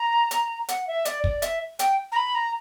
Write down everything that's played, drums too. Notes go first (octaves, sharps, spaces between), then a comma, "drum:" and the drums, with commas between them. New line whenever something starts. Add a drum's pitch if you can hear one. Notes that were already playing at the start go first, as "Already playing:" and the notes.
Already playing: A#5
drum: hi-hat
F#5, drum: hi-hat
E5
D5, drum: hi-hat
D5, drum: kick
E5, drum: hi-hat
G5, drum: hi-hat
A#5
B5
A#5